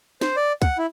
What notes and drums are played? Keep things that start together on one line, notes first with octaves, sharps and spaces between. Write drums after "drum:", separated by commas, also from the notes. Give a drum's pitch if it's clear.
C5, drum: snare
D5
F#5, drum: kick, hi-hat
E4